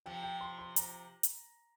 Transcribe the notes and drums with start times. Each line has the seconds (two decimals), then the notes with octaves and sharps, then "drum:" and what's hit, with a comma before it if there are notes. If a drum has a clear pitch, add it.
0.06 C3 F3 G5
0.23 G5
0.41 C6
0.59 C6
0.76 A#5, drum: hi-hat
1.23 drum: hi-hat